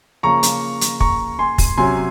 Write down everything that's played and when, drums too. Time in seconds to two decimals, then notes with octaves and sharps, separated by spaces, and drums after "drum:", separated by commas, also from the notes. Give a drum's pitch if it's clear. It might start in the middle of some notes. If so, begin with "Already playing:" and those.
0.23 C#3 F3 A#3 A#5 C#6
0.43 drum: hi-hat
0.81 drum: hi-hat
1.00 A#5 C#6, drum: kick
1.39 G#5 C6
1.58 drum: kick, open hi-hat
1.77 C3 F#3 C#4 G#5 C6